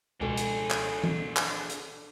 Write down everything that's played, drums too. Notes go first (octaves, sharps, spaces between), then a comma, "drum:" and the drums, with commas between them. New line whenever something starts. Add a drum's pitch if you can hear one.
C#2 B2 D4 G#4 A4 G5
drum: hi-hat
drum: clap
drum: tom E3
drum: clap
drum: hi-hat